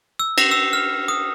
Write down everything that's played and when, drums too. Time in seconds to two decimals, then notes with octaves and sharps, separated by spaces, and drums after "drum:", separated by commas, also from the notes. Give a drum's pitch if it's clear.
0.20 E6
0.38 A#6, drum: cymbal
0.51 E6
0.73 F6
1.08 D#6